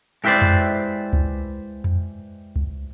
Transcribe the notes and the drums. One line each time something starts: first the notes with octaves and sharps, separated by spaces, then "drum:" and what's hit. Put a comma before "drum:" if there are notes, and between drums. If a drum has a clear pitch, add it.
G#3 E4 G4 B4 C5 D5
drum: tom F2
drum: kick C#2
drum: tom F2
drum: kick C#2